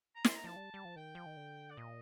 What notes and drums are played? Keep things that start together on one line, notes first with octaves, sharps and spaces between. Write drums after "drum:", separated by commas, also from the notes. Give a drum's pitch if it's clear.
A#5
C6, drum: snare
A#5
F3 A5
G3
G3
F3
D#3 G5
F3
D#3
D3
D5
A#2 D#5